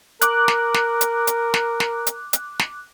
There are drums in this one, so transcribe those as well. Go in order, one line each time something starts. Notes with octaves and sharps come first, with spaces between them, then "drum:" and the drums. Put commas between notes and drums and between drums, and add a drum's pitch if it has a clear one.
A#4 D6 F#6, drum: hi-hat
drum: snare
drum: snare
drum: hi-hat
drum: hi-hat
drum: snare
drum: snare
drum: hi-hat
drum: hi-hat
drum: snare